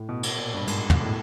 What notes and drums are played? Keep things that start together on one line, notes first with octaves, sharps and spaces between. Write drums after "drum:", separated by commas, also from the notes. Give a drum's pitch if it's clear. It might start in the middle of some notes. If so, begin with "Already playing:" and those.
Already playing: A2
B2
B2, drum: cymbal
A#2
G2
G#2, drum: cymbal
B2, drum: tom
A2